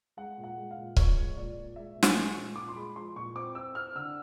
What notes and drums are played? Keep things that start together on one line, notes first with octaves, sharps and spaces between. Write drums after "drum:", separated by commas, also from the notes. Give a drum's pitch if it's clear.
G#3 F#5
A#2
F#5
G#3
F5
A#2
F3 C#5, drum: kick C#1
G#3
A#2 D5
A#2
G#3 E5
A#2
G#5, drum: snare
G#3
C#6
A#2
A#2 D6
C6
G#3 B5
F3 C6
A#2 C#6
C4 D6
C4 E6
C4 F6
D3 E6